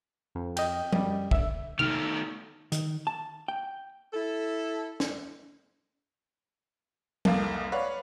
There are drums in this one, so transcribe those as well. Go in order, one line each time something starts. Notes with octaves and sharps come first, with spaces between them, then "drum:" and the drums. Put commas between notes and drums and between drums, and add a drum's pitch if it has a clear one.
F2
D#5 G5, drum: cymbal
F#2 G3, drum: tom
D3 E5, drum: kick
D#3 A3 F6, drum: tom C3
D#3, drum: hi-hat
A5
G5
E4 A4
drum: snare
F1 C2 A#3 A4, drum: tom
B4 C#5 D5 F5 F#5